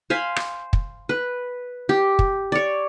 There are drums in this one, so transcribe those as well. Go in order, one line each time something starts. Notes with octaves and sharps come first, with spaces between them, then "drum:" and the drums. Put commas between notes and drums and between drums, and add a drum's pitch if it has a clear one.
C5 F5 G#5 B5
drum: rim click
drum: kick
B4
G4
drum: kick
C#5 D5